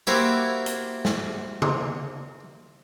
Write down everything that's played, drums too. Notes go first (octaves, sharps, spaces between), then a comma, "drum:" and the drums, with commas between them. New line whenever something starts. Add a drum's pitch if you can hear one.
A#3 C4 E4 F#4 G4 A#4
drum: hi-hat
drum: snare
drum: tom C#3